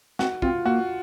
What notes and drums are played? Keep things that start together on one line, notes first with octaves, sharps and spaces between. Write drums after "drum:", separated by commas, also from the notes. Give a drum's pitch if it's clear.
C4 F#4, drum: snare
C4 F4, drum: kick
A#3 F#4